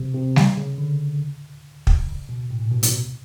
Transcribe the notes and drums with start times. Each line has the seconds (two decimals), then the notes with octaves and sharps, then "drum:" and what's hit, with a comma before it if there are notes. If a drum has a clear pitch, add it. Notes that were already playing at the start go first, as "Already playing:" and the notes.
Already playing: C3
0.14 C3
0.36 C#3, drum: snare G3
0.57 C#3
0.78 D3
1.87 drum: kick
2.07 C#3
2.29 B2
2.51 A2
2.60 A#2
2.71 B2
2.83 B2, drum: hi-hat
2.93 C3